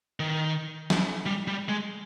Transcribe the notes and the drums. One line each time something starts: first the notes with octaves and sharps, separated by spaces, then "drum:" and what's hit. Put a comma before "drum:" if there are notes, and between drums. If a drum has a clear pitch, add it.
D#3
drum: snare
G3
G3
G#3